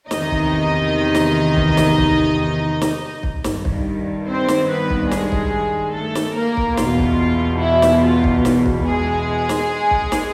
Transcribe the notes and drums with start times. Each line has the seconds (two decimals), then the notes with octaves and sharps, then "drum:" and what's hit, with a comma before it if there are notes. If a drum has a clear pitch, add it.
0.11 E2 C3 D#3 D#4 D#5, drum: snare
0.31 drum: kick
1.15 drum: snare
1.56 drum: kick
1.77 drum: snare
1.98 drum: kick
2.82 drum: snare
3.23 drum: kick
3.44 G2 D#3, drum: snare
3.65 drum: kick
4.28 C4 C5
4.48 drum: snare
4.69 B3 B4
4.90 drum: kick
5.11 G#3 G#4, drum: snare
5.32 drum: kick
5.94 A3 A4
6.15 drum: snare
6.36 A#3 A#4
6.57 drum: kick
6.77 E2 B2 F4, drum: snare
6.99 drum: kick
7.61 E4
7.82 drum: snare
8.04 F4
8.24 drum: kick
8.45 drum: snare
8.66 drum: kick
8.87 G#3 G#4
9.49 drum: snare
9.91 drum: kick
10.12 drum: snare